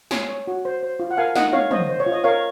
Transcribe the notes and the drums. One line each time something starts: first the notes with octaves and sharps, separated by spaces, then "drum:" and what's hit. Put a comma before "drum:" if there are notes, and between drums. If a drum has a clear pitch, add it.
C#5 G#5 C6, drum: snare
C#5
F#4
C5
C5
F4
F#5
A#4 F5 G#5
D#4 D#5 F#5, drum: snare
C#5 F5, drum: tom
C5 D#5, drum: tom
C5
C#5
F4
D#5
A#4 C#5 F5